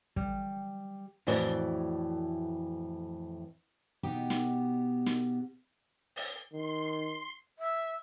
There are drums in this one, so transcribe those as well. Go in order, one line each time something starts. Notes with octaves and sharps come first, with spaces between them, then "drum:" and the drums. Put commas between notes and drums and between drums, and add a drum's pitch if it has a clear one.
G3, drum: kick
F2 A2 E3 F#4 D5, drum: open hi-hat
B2 B3 D#4 G4 G5
drum: snare
drum: snare
drum: open hi-hat
D#3 C6
E5